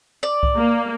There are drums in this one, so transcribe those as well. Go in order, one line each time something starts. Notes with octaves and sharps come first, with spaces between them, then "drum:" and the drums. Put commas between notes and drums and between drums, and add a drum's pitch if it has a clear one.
D5
drum: kick C2
A#3